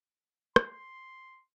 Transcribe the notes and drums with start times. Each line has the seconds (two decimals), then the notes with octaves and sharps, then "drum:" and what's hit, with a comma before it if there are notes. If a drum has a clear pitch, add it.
0.56 C6, drum: rim click